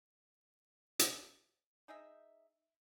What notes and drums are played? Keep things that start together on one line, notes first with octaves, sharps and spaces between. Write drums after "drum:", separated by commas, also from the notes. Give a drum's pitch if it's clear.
drum: hi-hat
D#4 G#4 D#5 E5